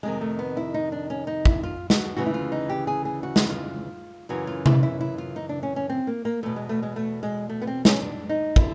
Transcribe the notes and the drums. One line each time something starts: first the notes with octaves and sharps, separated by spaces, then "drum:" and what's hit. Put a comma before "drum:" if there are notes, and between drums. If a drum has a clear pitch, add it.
F2 C3 D#3 G#3
A3
B3
E4
D#4
D4
C#4
D#4
E4, drum: kick
F4
F#4, drum: snare
D2 C#3 E3 F#4
E4
F4
D#4
G4
G#4
G#4
F#4
drum: snare
F4
F#2 C#3 E3 F#4
F4
E4, drum: tom C3
E4
E4
F4
D#4
D4
C#4
C#4
C4
A#3
A#3
E2 B2 A3
G#3
A3
G#3
A3
G#3
A3
B3
C4
C#4, drum: snare
D4
D#4
D3 E4, drum: kick